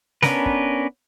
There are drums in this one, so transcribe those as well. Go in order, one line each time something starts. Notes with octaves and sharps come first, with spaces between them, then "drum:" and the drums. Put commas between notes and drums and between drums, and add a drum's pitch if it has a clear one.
B3 C#4 D4 A#4 B4, drum: snare
drum: kick